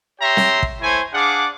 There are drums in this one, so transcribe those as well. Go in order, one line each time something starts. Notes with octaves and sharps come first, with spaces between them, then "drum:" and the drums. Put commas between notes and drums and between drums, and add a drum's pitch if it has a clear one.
G4 C#5 E5 G5 A#5 C6
drum: snare
drum: kick
A3 E4 C5 C#5 G#5
D4 G#4 D5 F5 F#5 D6